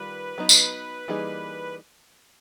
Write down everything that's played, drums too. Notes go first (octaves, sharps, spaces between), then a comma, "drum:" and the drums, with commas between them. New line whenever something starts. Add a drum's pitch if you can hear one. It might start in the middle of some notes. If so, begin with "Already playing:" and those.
Already playing: D#3 G3 F4 B4
F#3 B3 D#4
drum: tambourine
E3 G3 A#3 D#4 G#4